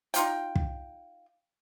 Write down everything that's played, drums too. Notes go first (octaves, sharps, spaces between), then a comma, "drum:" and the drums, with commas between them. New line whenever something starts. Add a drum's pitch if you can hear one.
D#4 F4 G5, drum: hi-hat
drum: kick